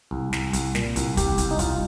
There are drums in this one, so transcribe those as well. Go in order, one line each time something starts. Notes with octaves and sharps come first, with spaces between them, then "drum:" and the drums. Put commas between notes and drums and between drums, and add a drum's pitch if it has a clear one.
C2
C2, drum: snare
C2, drum: hi-hat
A#2, drum: snare
C2, drum: hi-hat
C2 G4, drum: kick, hi-hat
C2, drum: hi-hat
D#4
C2 F4, drum: kick, hi-hat